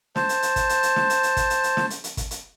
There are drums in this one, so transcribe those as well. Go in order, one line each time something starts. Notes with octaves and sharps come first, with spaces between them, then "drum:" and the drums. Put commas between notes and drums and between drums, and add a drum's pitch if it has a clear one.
C5 A5, drum: snare
drum: hi-hat
drum: hi-hat
drum: kick, hi-hat
drum: hi-hat
drum: hi-hat
drum: snare
drum: hi-hat
drum: hi-hat
drum: kick, hi-hat
drum: hi-hat
drum: hi-hat
drum: snare
drum: hi-hat
drum: hi-hat
drum: kick, hi-hat
drum: hi-hat